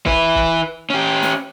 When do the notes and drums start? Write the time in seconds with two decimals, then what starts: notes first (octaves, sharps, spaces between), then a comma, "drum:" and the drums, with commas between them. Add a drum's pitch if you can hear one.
0.06 E4 B4, drum: kick
0.35 drum: kick
0.90 C#4 G4
1.23 drum: snare